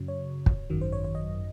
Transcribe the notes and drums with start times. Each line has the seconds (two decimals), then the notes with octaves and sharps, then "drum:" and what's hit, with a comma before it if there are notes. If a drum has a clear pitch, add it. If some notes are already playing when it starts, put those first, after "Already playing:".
Already playing: F#2 C#3 F#3
0.08 C#5
0.46 drum: kick
0.70 G#1 F#2 D#3 F#3
0.81 C5
0.93 C#5
1.04 C#5
1.15 D#5